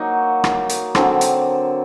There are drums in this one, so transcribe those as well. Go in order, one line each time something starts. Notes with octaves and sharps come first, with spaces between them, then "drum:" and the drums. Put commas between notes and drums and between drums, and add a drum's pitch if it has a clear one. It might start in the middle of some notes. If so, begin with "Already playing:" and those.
Already playing: F#3 A#3 D#4 F#4
drum: rim click
drum: hi-hat
D3 F#3 C4, drum: rim click
drum: hi-hat